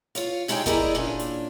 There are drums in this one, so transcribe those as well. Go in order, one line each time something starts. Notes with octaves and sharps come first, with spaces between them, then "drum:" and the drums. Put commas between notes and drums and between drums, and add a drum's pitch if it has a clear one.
F4 C#5 F5, drum: hi-hat
C3 G#3 D#4 G4 C#5 G5, drum: open hi-hat
E4 G4 G#4 A#4 D5 D#5, drum: kick, hi-hat
A#2 C#4 D4
drum: hi-hat